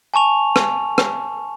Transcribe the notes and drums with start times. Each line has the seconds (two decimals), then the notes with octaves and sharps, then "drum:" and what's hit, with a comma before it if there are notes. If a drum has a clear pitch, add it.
0.14 G#5 A5 C#6 F7
0.56 drum: rim click
0.98 drum: rim click